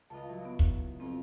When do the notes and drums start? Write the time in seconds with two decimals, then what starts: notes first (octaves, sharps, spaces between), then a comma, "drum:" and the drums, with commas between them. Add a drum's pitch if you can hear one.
0.10 C#2 F4 D#5 A5
0.28 F#3 E4
0.45 B3
0.59 drum: kick
1.00 F2 C4